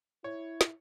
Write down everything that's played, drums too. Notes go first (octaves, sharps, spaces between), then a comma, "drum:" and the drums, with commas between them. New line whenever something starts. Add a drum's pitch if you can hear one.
E4 C#5
drum: snare